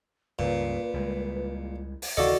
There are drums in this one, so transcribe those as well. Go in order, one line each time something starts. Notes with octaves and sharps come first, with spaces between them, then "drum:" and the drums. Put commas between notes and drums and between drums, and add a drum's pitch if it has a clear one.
C#2 G2 A#2 C#3 B4
C#2 G3 G#3
drum: open hi-hat
D#2 C#3 E3 F#4 A4 D5 D#5 F5